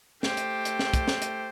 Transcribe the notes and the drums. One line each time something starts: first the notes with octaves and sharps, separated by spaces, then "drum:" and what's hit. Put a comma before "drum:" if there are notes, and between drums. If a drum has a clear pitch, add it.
A3 G4 C5, drum: snare
drum: hi-hat
drum: hi-hat
drum: snare
drum: kick, hi-hat
drum: snare
drum: hi-hat